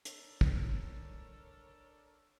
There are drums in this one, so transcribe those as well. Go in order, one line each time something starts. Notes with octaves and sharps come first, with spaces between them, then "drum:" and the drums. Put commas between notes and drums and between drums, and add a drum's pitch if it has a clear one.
D4 A4 A#4 C#5, drum: hi-hat
drum: kick